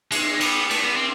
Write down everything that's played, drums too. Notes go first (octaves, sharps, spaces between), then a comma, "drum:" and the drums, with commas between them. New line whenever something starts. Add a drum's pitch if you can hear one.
G#3, drum: cymbal
B3, drum: cymbal
A3, drum: cymbal
B3
C4